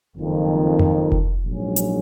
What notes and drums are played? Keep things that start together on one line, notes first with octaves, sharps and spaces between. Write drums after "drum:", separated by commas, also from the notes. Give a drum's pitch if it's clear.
F#1 F2 D#3
drum: tom F2
drum: kick F1
A#1 G#2 F#3 C#4
drum: hi-hat